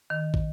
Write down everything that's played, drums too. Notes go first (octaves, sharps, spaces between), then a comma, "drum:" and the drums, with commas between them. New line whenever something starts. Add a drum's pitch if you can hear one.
D#3
drum: kick